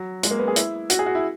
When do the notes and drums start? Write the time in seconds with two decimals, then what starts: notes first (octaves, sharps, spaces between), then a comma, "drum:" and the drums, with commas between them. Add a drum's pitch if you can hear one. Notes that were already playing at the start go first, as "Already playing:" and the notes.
Already playing: F#3
0.23 G#3, drum: hi-hat
0.31 A#3
0.39 B3
0.48 G#4
0.56 E4, drum: hi-hat
0.90 F#4, drum: hi-hat
0.99 G#4
1.06 F#4
1.15 E4